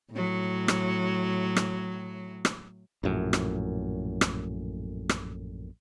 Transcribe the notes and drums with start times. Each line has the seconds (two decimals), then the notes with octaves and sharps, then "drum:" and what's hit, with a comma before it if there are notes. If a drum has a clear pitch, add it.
0.12 A2 F#3
0.68 drum: rim click
1.56 drum: rim click
2.45 drum: rim click
3.04 A#1 F#2 A2
3.33 drum: rim click
4.21 drum: rim click
5.09 drum: rim click